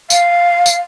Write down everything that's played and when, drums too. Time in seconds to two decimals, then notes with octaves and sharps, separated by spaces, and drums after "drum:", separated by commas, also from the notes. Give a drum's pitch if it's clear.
0.10 F5, drum: tambourine
0.66 drum: tambourine